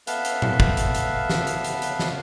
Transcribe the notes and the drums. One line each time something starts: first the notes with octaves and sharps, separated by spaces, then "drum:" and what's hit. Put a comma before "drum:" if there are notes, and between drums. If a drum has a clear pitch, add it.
B3 A4 B4 E5 F5, drum: hi-hat
drum: hi-hat
drum: tom A#2
drum: kick
drum: hi-hat
drum: hi-hat
drum: snare
drum: hi-hat
drum: hi-hat
drum: hi-hat
drum: snare